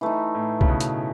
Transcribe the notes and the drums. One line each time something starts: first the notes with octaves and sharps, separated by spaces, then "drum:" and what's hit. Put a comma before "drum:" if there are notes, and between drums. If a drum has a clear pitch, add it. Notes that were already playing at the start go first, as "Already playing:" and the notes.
E3 A3 D#4
A2
C#3, drum: kick
B2
drum: hi-hat